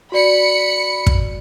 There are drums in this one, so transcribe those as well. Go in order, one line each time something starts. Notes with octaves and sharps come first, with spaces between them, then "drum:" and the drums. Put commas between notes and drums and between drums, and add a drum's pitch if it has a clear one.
F#4 D5 B5 C#7
drum: kick